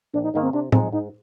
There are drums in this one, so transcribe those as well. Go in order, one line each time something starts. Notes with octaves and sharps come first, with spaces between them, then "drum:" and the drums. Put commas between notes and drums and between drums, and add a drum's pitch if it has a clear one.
A#1 D4
D#4
G#2 D#3 A#3 D#4
C4
C3 D4
F3 G#3 C4 D#4, drum: tom A2
G#2 D#4